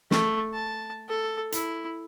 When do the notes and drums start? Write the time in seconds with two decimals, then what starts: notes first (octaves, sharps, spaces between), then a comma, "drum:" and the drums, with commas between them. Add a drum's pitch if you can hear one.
0.11 A3, drum: snare
0.53 A5
1.09 A4
1.52 E4, drum: hi-hat